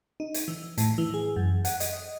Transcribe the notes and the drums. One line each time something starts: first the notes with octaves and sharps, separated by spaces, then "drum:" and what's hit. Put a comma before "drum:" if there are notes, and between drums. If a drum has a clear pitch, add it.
D#4
drum: hi-hat
E3
A2, drum: hi-hat
E3
G#4
F#2
F#5, drum: hi-hat
D#5, drum: hi-hat